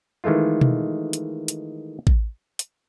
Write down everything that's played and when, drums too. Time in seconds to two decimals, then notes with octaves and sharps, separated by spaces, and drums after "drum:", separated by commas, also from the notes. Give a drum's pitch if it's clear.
0.24 D#3 E3 G#3 A3 F4
0.61 drum: tom B2
1.13 drum: hi-hat
1.48 drum: hi-hat
2.07 drum: kick A1
2.59 drum: hi-hat